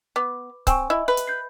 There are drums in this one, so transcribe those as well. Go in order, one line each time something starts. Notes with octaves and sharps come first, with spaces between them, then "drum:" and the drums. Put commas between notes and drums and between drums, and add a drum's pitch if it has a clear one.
B3 D6
C4 G#5 C#6, drum: kick C#1, hi-hat
E4 D#5 E5
B4
drum: hi-hat
G6 C7